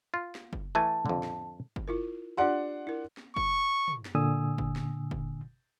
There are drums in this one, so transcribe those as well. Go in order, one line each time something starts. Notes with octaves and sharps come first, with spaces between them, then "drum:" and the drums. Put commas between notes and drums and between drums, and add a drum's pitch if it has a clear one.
F4
drum: snare
drum: kick F#1
E3 A3 G#5 A5
F2 D3, drum: tom
drum: snare
drum: kick F#1
E4 F4 A#4
D4 F4 G4 D5 F#5 C6
E4 A#4
drum: snare
C#6, drum: kick F#1
drum: tom
drum: snare
A#2 D3 G#5 D#6 E6
drum: kick F#1
drum: snare
drum: kick F#1